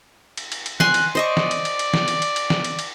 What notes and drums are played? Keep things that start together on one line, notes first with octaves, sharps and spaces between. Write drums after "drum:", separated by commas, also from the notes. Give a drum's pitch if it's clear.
drum: cymbal
drum: cymbal
drum: cymbal
G#5 C6 F#6, drum: snare
drum: cymbal
C5 D5 D#5 C#6
drum: snare
drum: cymbal
drum: cymbal
drum: cymbal
drum: snare
drum: cymbal
drum: cymbal
drum: cymbal
drum: snare
drum: cymbal
drum: cymbal